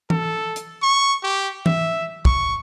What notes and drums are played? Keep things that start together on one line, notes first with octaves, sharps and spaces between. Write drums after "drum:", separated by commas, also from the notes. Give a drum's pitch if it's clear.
A4, drum: tom E3
drum: hi-hat
C#6
G4
E5, drum: tom E3
C#6, drum: kick